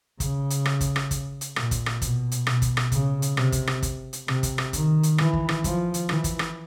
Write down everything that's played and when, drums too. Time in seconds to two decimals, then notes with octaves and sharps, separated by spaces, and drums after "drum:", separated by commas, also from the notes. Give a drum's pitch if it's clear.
0.20 C#3, drum: kick, hi-hat
0.50 drum: hi-hat
0.65 drum: rim click
0.81 drum: kick, hi-hat
0.96 drum: rim click
1.11 drum: kick, hi-hat
1.41 drum: hi-hat
1.56 A#2, drum: rim click
1.71 drum: kick, hi-hat
1.86 drum: rim click
2.02 B2, drum: kick, hi-hat
2.32 drum: hi-hat
2.47 B2, drum: rim click
2.62 drum: kick, hi-hat
2.77 drum: rim click
2.92 C#3, drum: kick, hi-hat
3.22 drum: hi-hat
3.37 C3, drum: rim click
3.52 drum: kick, hi-hat
3.67 drum: rim click
3.83 drum: kick, hi-hat
4.13 drum: hi-hat
4.28 C3, drum: rim click
4.43 drum: kick, hi-hat
4.58 drum: rim click
4.73 D#3, drum: kick, hi-hat
5.03 drum: hi-hat
5.18 E3, drum: rim click
5.33 drum: kick
5.49 drum: rim click
5.64 F3, drum: kick, hi-hat
5.94 drum: hi-hat
6.09 E3, drum: rim click
6.24 drum: kick, hi-hat
6.39 drum: rim click